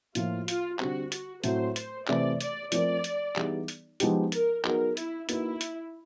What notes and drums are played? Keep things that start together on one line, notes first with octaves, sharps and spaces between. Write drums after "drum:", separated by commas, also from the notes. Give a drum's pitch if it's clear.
A2 F3 A#3 F4, drum: hi-hat
F4, drum: hi-hat
D3 G3 C4 F#4, drum: clap
F#4, drum: hi-hat
A2 F#3 A3 C4 C5, drum: hi-hat
C5, drum: hi-hat
C3 E3 A3 C4 D5, drum: clap
D5, drum: hi-hat
F3 A3 C4 F4 A#4 D5, drum: hi-hat
drum: hi-hat
E3 G3 B3 D#4 G#4, drum: clap
drum: hi-hat
F3 G#3 B3 D#4 G4, drum: hi-hat
A#4, drum: hi-hat
F#3 B3 D#4 G#4 A#4, drum: clap
E4, drum: hi-hat
A#3 D#4 E4 F#4 B4, drum: hi-hat
drum: hi-hat